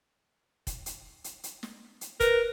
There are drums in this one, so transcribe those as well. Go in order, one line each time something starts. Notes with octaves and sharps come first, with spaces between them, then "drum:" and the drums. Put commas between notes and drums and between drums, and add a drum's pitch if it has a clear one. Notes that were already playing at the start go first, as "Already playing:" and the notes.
drum: kick, hi-hat
drum: hi-hat
drum: hi-hat
drum: hi-hat
drum: snare
drum: hi-hat
A#4 B4, drum: kick, hi-hat